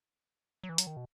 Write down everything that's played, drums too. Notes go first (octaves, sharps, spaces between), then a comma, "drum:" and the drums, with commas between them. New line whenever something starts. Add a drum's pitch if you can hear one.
F#3
E3
F#3, drum: hi-hat
D#3
B2